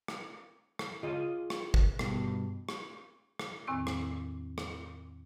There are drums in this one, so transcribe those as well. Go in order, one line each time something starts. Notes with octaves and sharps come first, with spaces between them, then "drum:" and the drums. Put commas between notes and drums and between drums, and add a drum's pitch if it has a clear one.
drum: rim click
drum: rim click
F4 G#4 D#5
drum: rim click
drum: kick
G2 B2, drum: rim click
drum: rim click
drum: rim click
E2 A2 D#3 C4 E6
drum: rim click
drum: rim click